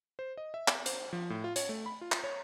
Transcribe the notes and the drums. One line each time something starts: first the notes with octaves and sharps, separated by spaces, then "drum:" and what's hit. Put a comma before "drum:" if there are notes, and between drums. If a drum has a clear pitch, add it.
C5
D#5
E5
drum: clap
C5, drum: hi-hat
F3
A2
F4
C#5, drum: hi-hat
A3
B5
F4
drum: clap
C#5